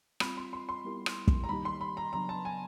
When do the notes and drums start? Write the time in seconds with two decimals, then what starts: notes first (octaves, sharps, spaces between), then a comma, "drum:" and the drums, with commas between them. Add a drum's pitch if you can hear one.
0.20 G3 C4 F4 B5, drum: rim click
0.37 C6
0.53 C6
0.69 C6
0.85 G3 B3 E4 G4 A#4
1.06 drum: rim click
1.28 drum: kick
1.44 A#5
1.49 D#3 G3 A#3 D#4 G4 B5
1.65 C6
1.81 B5
1.97 A#5
2.13 C#3 F#3 B3 D4 A#5
2.29 A5
2.45 G#5